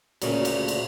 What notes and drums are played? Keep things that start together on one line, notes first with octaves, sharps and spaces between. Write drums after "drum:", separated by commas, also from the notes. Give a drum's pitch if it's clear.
D2 A#2 C#3 A3 C#4 G#5, drum: cymbal
drum: cymbal
drum: cymbal